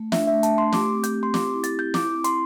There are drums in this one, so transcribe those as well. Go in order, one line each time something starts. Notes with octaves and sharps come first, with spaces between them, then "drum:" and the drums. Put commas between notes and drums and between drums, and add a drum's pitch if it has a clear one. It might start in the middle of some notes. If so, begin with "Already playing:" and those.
Already playing: A3
D4 E5, drum: snare
E5
A3
A5, drum: hi-hat
A3 C6
G4 D6, drum: snare
C4
G6, drum: hi-hat
C4
C6
G4 D6, drum: snare
E4
A6, drum: hi-hat
E4 G6
E4 D6, drum: snare
C4
C6, drum: hi-hat